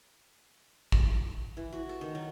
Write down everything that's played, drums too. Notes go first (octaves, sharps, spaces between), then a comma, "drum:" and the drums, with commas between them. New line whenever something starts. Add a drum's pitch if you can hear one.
drum: kick A1
E3
F#4
A4
D#3
F#3